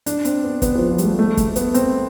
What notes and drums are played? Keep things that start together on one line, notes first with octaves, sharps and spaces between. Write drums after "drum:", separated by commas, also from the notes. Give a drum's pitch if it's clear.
D4, drum: hi-hat
C4, drum: hi-hat
B3
B3, drum: kick, hi-hat
F3
F3
G3, drum: hi-hat
A3
A3
A3, drum: kick, hi-hat
B3, drum: hi-hat
C4, drum: hi-hat